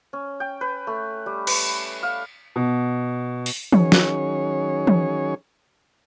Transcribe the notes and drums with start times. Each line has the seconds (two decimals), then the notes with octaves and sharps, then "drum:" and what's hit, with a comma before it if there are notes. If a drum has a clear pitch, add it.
0.13 C#4
0.40 G5
0.61 B4
0.87 A3
1.26 G3
1.47 B4, drum: cymbal
2.03 F5
2.56 B2
3.46 drum: open hi-hat
3.73 D#3 F#3 C#4 G#4 C#5, drum: tom E3
3.92 drum: snare
4.87 drum: tom E3